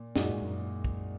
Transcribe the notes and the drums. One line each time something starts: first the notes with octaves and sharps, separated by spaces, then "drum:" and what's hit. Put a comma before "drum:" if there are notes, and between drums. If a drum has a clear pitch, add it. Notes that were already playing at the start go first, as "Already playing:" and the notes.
Already playing: A#2
F#2 A#2 G#3 D#4 F#4, drum: snare
G#2
F#2
drum: kick